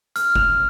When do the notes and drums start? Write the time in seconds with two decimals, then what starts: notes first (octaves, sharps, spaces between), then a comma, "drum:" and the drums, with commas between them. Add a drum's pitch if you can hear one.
0.16 F6, drum: hi-hat
0.35 drum: kick F#1